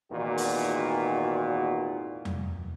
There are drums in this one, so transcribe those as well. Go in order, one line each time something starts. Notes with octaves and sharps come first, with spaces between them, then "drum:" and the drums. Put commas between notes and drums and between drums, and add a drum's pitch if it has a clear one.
G#1 E2 A#2 D#3 F#4
drum: open hi-hat
drum: tom E2